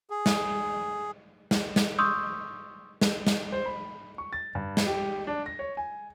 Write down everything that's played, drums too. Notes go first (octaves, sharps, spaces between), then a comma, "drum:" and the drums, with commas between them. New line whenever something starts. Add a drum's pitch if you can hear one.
G#4
drum: snare
drum: snare
drum: snare
C6 C#6 D#6 E6 G6
drum: snare
drum: snare
C5
B5
C#6
A6
G2
drum: snare
G4
D4
A#6
C#5
G#5